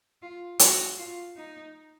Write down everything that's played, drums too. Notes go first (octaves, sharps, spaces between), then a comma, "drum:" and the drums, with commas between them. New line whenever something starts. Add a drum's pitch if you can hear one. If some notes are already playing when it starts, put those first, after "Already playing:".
F4
F#4, drum: hi-hat
F4
D#4